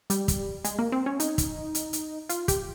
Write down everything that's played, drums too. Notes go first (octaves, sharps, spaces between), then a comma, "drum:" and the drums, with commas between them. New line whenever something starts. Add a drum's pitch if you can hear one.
G3, drum: hi-hat
drum: kick, hi-hat
G#3, drum: hi-hat
A#3
C4
C#4
D#4, drum: hi-hat
drum: kick, hi-hat
drum: hi-hat
drum: hi-hat
F4, drum: hi-hat
G4, drum: kick, hi-hat